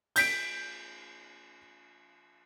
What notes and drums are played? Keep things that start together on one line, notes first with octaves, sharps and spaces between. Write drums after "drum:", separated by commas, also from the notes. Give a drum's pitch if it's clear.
G6 B6 D7, drum: cymbal